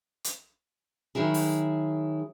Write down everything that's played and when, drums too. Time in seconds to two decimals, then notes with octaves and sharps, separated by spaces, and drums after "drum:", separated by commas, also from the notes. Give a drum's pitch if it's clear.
0.24 drum: hi-hat
1.15 D#3 F#3 E4 G#4
1.34 drum: open hi-hat